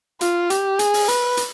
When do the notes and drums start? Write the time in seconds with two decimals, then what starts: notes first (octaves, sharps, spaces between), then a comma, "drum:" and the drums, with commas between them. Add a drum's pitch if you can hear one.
0.21 F4, drum: hi-hat
0.50 G4, drum: hi-hat
0.79 G#4, drum: hi-hat
0.94 drum: open hi-hat
1.08 B4, drum: hi-hat
1.37 drum: hi-hat